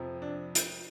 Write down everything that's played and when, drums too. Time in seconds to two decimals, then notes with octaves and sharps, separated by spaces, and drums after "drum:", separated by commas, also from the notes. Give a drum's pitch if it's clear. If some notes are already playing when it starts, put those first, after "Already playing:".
Already playing: F2 C3 F3
0.22 D4
0.55 drum: hi-hat